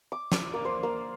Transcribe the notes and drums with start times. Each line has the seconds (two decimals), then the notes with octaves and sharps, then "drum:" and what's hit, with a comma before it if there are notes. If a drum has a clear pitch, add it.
0.12 D6
0.32 D5, drum: snare
0.54 A#3
0.65 C5
0.83 A#3